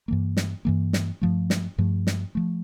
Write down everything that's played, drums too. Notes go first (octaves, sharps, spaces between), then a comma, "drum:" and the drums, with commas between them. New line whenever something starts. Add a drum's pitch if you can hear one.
G2 E3 A#3
drum: snare
G2 E3 A#3
drum: snare
G2 F3 A3
drum: snare
G2 F3 A3
drum: snare
F3 A3